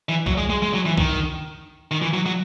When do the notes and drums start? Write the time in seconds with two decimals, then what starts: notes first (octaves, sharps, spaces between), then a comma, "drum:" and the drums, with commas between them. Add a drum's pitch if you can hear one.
0.09 E3
0.26 F#3, drum: kick
0.38 G#3
0.50 G#3
0.62 G#3
0.74 F#3
0.86 E3
0.98 D#3, drum: kick
1.91 D#3
2.02 E3
2.14 F#3
2.26 F#3